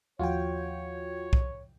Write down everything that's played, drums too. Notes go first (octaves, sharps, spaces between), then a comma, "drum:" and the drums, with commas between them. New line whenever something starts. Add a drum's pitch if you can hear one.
D#2 F3 F4 F#4 C#5 G5
drum: kick B1